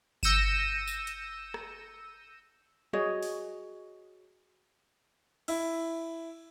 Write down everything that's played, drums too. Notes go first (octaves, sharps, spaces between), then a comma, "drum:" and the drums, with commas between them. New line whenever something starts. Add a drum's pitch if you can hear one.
E6 G6 A#6 C#7 D#7 E7, drum: kick G1
drum: tambourine
drum: hi-hat
drum: rim click
F#4 G#4 C#5 D#5, drum: tom F#3
drum: open hi-hat
E4, drum: cymbal